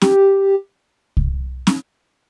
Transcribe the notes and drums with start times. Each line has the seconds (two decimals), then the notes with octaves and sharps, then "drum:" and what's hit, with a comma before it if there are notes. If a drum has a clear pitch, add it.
0.02 G4, drum: snare
1.17 drum: kick C2
1.67 drum: snare